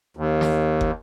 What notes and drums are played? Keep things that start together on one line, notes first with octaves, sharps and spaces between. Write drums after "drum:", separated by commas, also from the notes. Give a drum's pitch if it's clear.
D#2
drum: snare
drum: kick